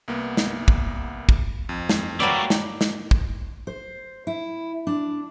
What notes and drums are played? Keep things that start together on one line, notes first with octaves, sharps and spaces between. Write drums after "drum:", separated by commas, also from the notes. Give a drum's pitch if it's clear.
C2 A#3 B3
drum: snare
drum: kick
drum: kick
F2
drum: snare
F#3 G3 A3 A#3 D5
drum: snare
drum: snare
drum: kick
C5
E4
D4